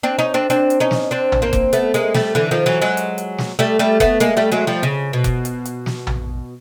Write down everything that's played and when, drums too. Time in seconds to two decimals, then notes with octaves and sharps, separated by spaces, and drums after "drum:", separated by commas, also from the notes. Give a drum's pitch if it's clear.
0.03 C4 D4
0.19 C#4 D#4
0.34 C4 D4
0.50 C4 D4, drum: hi-hat
0.70 drum: hi-hat
0.80 C#4 D#4
0.91 drum: snare
1.11 C4 D4
1.32 drum: tom A#1
1.42 A#3 C4
1.53 drum: kick F1, hi-hat
1.73 A3 B3, drum: hi-hat
1.94 G#3 A#3, drum: hi-hat
2.14 G3 A3, drum: snare
2.35 D3 E3
2.51 D#3 F3
2.66 E3 F#3
2.82 F#3 G#3
2.97 drum: hi-hat
3.18 drum: hi-hat
3.38 drum: snare
3.59 G3 A3
3.79 G3 A3
4.00 A3 B3, drum: kick F1, hi-hat
4.20 G#3 A#3, drum: hi-hat
4.37 G3 A3
4.52 F#3 G#3
4.67 F3 G3
4.83 C#3
5.13 B2
5.24 drum: kick F1, hi-hat
5.45 drum: hi-hat
5.65 drum: hi-hat
5.86 drum: snare
6.07 drum: tom A#1